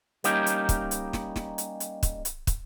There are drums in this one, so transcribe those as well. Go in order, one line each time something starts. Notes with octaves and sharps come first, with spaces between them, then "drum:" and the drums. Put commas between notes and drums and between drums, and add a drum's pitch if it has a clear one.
G3 A#3 C#4 D#4 G4, drum: hi-hat
drum: hi-hat
drum: kick, hi-hat
drum: hi-hat
drum: snare
drum: snare
drum: hi-hat
drum: hi-hat
drum: kick, hi-hat
drum: hi-hat
drum: kick, hi-hat